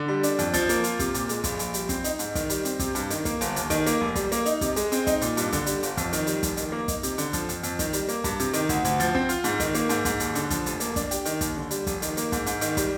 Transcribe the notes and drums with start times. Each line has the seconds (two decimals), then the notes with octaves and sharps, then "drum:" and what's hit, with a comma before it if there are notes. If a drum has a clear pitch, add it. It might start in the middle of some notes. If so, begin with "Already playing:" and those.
Already playing: D3
0.08 G3
0.23 D4, drum: hi-hat
0.39 F2, drum: hi-hat
0.54 F3, drum: kick, hi-hat
0.69 A#3, drum: hi-hat
0.84 F4, drum: hi-hat
0.99 C3, drum: kick, hi-hat
1.14 A#2, drum: hi-hat
1.29 G#3, drum: hi-hat
1.44 A#1, drum: kick, hi-hat
1.59 A#1, drum: hi-hat
1.74 G3, drum: hi-hat
1.89 C4, drum: kick, hi-hat
2.04 D#4, drum: hi-hat
2.19 G#2, drum: hi-hat
2.35 D#3, drum: kick, hi-hat
2.50 G3, drum: hi-hat
2.65 C4, drum: hi-hat
2.79 C3, drum: kick, hi-hat
2.95 G2, drum: hi-hat
3.10 D#3, drum: hi-hat
3.25 A#3, drum: kick, hi-hat
3.41 G1, drum: hi-hat
3.56 D#2, drum: hi-hat
3.70 D#3, drum: kick, hi-hat
3.86 A#3, drum: hi-hat
4.01 F1
4.15 G3, drum: kick, hi-hat
4.32 A#3, drum: hi-hat
4.46 D#4, drum: hi-hat
4.61 C3, drum: kick, hi-hat
4.76 G#3, drum: hi-hat
4.92 C4, drum: hi-hat
5.07 D#4, drum: kick, hi-hat
5.21 A#2, drum: hi-hat
5.37 G2, drum: hi-hat
5.52 D3, drum: kick, hi-hat
5.66 G3, drum: hi-hat
5.83 G1, drum: hi-hat
5.97 F2, drum: kick, hi-hat
6.13 D#3, drum: hi-hat
6.27 G3, drum: hi-hat
6.43 F1, drum: kick, hi-hat
6.57 D#3, drum: hi-hat
6.72 A#3
6.88 D#4, drum: kick, hi-hat
7.03 C3, drum: hi-hat
7.18 D3, drum: hi-hat
7.33 F3, drum: kick, hi-hat
7.49 F2, drum: hi-hat
7.63 F2, drum: hi-hat
7.79 D#3, drum: kick, hi-hat
7.93 G3, drum: hi-hat
8.08 A#3, drum: hi-hat
8.24 G2, drum: kick, hi-hat
8.39 C3, drum: hi-hat
8.53 D#3, drum: hi-hat
8.69 D2, drum: kick, hi-hat
8.85 D2, drum: hi-hat
9.00 F3, drum: hi-hat
9.15 C4, drum: kick
9.29 F4, drum: hi-hat
9.44 G#2, drum: hi-hat
9.60 D#3, drum: kick, hi-hat
9.74 A#3, drum: hi-hat
9.89 G#2, drum: hi-hat
10.05 G#2, drum: kick, hi-hat
10.20 D#2, drum: hi-hat
10.35 D3, drum: hi-hat
10.50 F3, drum: kick, hi-hat
10.66 F1, drum: hi-hat
10.80 A#3, drum: hi-hat
10.96 D4, drum: kick, hi-hat
11.11 G4, drum: hi-hat
11.25 D#3, drum: hi-hat
11.41 D#2, drum: kick, hi-hat
11.56 D3
11.71 G3, drum: hi-hat
11.87 F1, drum: kick, hi-hat
12.02 D#3, drum: hi-hat
12.17 A#3, drum: hi-hat
12.32 G#2, drum: kick, hi-hat
12.46 G#2, drum: hi-hat
12.61 D#3, drum: hi-hat
12.77 G3, drum: kick, hi-hat